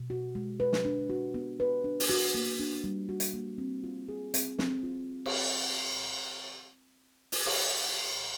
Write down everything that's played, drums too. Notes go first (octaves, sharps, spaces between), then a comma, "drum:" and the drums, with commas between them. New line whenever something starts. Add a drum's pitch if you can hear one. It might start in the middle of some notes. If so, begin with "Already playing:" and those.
Already playing: B2
F#4
G#3
B4
drum: snare
D4
F#4
B3
B4
D4
drum: open hi-hat
F#4
A#3
D4
G3
F#4
drum: hi-hat
A#3
C4
F4
G#4
C4, drum: hi-hat
C4, drum: snare
F4
drum: cymbal
drum: open hi-hat
drum: cymbal